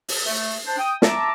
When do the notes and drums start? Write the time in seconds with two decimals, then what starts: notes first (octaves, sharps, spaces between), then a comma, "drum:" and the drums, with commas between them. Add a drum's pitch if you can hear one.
0.08 drum: open hi-hat
0.25 A3
0.66 D4 C5
0.78 G5 D#6
1.02 E5 A5 A#5 D6, drum: snare